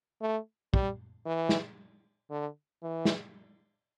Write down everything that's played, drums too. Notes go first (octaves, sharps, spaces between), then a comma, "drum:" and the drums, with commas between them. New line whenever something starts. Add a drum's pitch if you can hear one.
A3
G3, drum: kick
E3
drum: snare
D3
E3
drum: snare